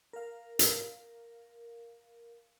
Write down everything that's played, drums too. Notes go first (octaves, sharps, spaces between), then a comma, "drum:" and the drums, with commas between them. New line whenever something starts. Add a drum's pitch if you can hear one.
A#4 F5
drum: hi-hat